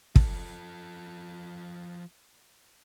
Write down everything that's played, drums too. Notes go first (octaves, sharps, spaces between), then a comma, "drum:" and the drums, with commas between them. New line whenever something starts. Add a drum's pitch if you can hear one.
F3 A4, drum: kick